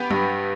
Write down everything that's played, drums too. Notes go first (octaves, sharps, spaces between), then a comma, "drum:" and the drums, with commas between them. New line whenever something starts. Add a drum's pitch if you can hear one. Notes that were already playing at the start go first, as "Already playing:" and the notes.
Already playing: B3 G4 B4
G2, drum: tom F#3